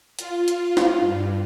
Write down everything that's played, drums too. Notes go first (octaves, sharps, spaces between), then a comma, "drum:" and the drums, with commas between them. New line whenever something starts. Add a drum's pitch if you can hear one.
F4, drum: hi-hat
drum: hi-hat
drum: snare
G2